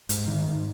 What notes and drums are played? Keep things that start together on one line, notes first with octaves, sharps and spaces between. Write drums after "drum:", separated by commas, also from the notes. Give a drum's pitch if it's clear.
G#2, drum: hi-hat
G#2 D#3
G#2